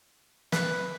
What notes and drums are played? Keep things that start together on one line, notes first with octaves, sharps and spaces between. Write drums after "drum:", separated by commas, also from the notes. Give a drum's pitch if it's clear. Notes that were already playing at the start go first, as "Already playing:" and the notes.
B4, drum: snare